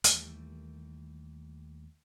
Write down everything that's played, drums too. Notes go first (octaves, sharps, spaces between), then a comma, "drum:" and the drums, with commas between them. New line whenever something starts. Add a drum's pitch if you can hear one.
D#2 E3 G3 A3, drum: hi-hat